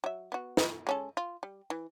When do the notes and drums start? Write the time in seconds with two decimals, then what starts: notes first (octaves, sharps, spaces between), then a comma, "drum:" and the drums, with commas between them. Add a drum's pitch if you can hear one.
0.04 F#3 E5
0.32 B3 F#4
0.57 drum: snare
0.87 G#3 C#4 A4
1.17 F4
1.43 G3
1.70 E3